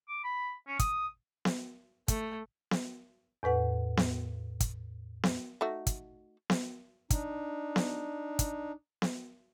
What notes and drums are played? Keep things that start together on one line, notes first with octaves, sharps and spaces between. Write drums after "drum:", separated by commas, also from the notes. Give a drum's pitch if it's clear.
D6
B5
C#4
D#6, drum: kick, hi-hat
drum: snare B3
A3, drum: kick, hi-hat
drum: snare B3
E2 A2 B4 F#5
drum: snare B3
drum: kick, hi-hat
drum: snare B3
A3 D#4 F#4
drum: kick, hi-hat
drum: snare B3
D4 D#4, drum: kick, hi-hat
drum: snare B3
drum: kick, hi-hat
drum: snare B3